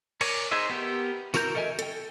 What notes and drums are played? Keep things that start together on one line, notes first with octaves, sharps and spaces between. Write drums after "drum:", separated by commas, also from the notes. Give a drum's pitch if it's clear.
A#4 C#5 D5 G#5, drum: cymbal
D#4 G#4 C5 D#5 E5
B3 G4 A#4
E3 F#4 A#4 A#5 G6, drum: tambourine
A4 A#4 D#5 E5 G#5
A4 G5, drum: hi-hat